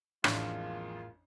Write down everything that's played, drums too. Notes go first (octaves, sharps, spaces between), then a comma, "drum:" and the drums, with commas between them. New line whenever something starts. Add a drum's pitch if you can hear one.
A1 F2 A2 G#3 A#3 D4 F4, drum: rim click